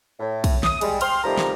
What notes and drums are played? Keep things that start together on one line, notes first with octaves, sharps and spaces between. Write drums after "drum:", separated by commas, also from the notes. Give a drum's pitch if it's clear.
A2
drum: kick, cymbal
D#6, drum: snare
G3 G#3, drum: cymbal
G5 C6 F6, drum: cymbal
C3 D#3 F3 G3 A3 A#5
drum: snare